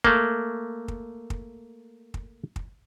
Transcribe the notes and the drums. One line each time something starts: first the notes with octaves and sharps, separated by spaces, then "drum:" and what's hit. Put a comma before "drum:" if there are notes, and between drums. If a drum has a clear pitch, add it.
A3 A#3, drum: kick
drum: kick
drum: kick
drum: kick
drum: kick